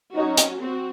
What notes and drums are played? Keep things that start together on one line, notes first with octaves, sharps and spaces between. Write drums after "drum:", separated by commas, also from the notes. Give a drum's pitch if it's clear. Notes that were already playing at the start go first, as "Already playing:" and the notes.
F#3 C#4 D#4 F#4
drum: hi-hat
C4 F#4